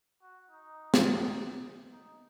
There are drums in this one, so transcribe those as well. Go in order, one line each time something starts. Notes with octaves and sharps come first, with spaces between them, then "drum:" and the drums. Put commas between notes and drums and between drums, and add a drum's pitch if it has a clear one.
F#4
D#4
drum: snare
D#4